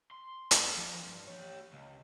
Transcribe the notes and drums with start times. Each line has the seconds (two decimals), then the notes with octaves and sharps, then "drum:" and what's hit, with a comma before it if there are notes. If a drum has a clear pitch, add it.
0.11 C6
0.51 drum: hi-hat
0.78 F3
1.07 G2
1.28 G4 C#5
1.73 C#2